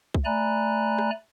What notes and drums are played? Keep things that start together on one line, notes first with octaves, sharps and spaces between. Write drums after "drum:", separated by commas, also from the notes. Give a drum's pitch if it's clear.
drum: kick C2
A3 D5 G#5 A#5 B5 F#6
drum: rim click